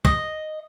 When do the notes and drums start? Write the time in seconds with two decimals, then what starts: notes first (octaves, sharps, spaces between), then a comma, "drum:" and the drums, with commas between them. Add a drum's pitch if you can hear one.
0.05 D#5, drum: kick